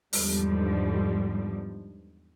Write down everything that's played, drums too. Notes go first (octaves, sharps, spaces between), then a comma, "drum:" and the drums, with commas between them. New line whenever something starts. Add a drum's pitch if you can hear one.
E2 G#2 D3 F3 G3, drum: open hi-hat